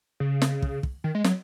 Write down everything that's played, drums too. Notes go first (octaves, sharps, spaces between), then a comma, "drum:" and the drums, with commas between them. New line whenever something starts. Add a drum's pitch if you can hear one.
C#3
drum: snare
drum: kick
drum: kick
D#3
G#3
F#3, drum: snare